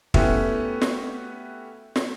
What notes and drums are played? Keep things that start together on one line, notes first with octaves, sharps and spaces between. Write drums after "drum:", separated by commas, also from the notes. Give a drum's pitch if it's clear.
A3 B3 C#4 E4 F#4 G4, drum: kick
drum: snare
drum: snare